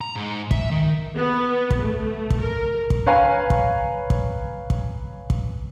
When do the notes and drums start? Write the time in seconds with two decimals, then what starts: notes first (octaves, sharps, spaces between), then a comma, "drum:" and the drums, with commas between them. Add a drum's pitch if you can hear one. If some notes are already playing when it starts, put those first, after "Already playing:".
0.01 A#5
0.16 G#2
0.51 E5, drum: kick
0.71 D#3
1.15 B3
1.71 drum: kick
1.81 A3
2.30 drum: kick
2.41 A#4
2.90 drum: kick
3.06 B4 C#5 F5 G#5 A#5
3.50 drum: kick
4.10 drum: kick
4.70 drum: kick
5.30 drum: kick